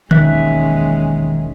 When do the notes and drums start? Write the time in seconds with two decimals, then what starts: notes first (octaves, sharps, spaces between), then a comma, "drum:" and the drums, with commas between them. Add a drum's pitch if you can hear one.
0.11 E1 A#1 D#2 D#3 G#3 C#4 E5 F#6, drum: tom D3